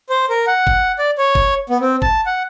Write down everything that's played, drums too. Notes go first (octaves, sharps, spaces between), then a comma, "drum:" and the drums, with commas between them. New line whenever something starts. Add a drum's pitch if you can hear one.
C5
A#4
F#5
drum: kick
D5
C#5
drum: kick
B3
C4
A5, drum: kick
F#5